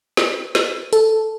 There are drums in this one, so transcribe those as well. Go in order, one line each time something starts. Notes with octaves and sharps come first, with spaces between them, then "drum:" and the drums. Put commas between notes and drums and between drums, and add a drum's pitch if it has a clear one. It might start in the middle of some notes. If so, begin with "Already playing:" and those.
drum: snare
drum: snare
A4, drum: hi-hat